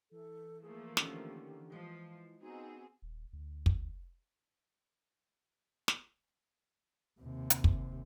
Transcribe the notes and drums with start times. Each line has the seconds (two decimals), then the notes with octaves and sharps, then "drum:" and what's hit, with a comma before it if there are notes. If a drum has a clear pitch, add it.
0.11 E3 A4
0.62 F3 A3 A#3 G#4
0.97 D3 D#3 C#4 G4, drum: snare
1.72 F3 G#3
2.41 B3 C4 D#4 F#4 G#4
3.02 D#1
3.33 D2
3.66 drum: kick
5.88 drum: snare
7.20 D#2 C3
7.50 drum: hi-hat
7.64 drum: kick